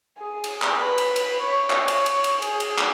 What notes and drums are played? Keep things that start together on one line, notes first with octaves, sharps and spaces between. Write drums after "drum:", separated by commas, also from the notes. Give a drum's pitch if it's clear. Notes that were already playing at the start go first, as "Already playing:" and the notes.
G#4
drum: cymbal
drum: clap
B4 B5
drum: cymbal
drum: cymbal
C#5
drum: clap
drum: cymbal
drum: cymbal
drum: cymbal
G#4, drum: cymbal
drum: cymbal
drum: clap